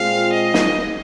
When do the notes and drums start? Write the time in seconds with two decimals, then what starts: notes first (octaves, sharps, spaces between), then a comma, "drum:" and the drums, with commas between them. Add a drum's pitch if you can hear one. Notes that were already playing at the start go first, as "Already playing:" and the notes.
Already playing: A#2 G#3 C4 F4 F5
0.33 D#5
0.54 drum: snare